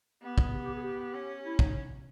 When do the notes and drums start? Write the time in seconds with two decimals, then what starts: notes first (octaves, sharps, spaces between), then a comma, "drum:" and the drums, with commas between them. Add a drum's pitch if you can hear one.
0.22 B3 G4
0.38 G#4, drum: kick
0.53 G4
0.63 G4
0.73 G#4
0.83 G4
1.14 C#4
1.44 E4
1.59 D#4, drum: kick